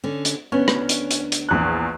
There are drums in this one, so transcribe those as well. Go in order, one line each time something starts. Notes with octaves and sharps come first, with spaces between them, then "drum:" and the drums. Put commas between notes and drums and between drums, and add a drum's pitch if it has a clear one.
D3 C#4
drum: hi-hat
D2 B3 C#4 D4
drum: rim click
drum: hi-hat
drum: hi-hat
drum: hi-hat
A#1 E2 F#6